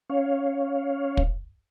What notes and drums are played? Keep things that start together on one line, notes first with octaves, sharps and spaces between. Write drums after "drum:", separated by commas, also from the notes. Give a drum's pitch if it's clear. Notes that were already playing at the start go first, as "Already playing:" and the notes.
C#4 C#5 F5
drum: kick